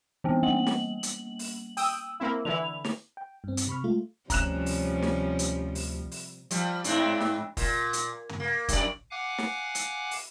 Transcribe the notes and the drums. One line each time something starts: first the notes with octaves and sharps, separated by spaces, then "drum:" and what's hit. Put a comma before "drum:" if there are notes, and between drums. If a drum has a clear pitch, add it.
E3 B3 C4
G3 A#3 F#7
drum: snare
drum: hi-hat
drum: open hi-hat
G5 D#6 E6, drum: open hi-hat
A#3 C4 E4
D3 E3 E4 F7
drum: snare
G5
G2 C4
drum: hi-hat
C3 B5 C#6 F6
G#3 A3 F4
D2 C3 F3 G3 C#4 A#5 F#6 E7, drum: kick, hi-hat
drum: open hi-hat
drum: snare
drum: hi-hat
drum: open hi-hat
drum: open hi-hat
F3 G3, drum: hi-hat
G#2 C4 D4, drum: hi-hat
drum: snare
A#2, drum: kick, open hi-hat
drum: hi-hat
drum: tom
A#3
F#2 D5, drum: kick, hi-hat
F5 F#5 G#5 D6 F#6
drum: snare
drum: hi-hat
drum: open hi-hat